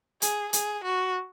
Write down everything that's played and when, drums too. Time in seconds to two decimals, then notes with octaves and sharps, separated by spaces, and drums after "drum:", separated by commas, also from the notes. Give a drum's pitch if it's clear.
0.22 G#4, drum: hi-hat
0.53 G#4, drum: hi-hat
0.84 F#4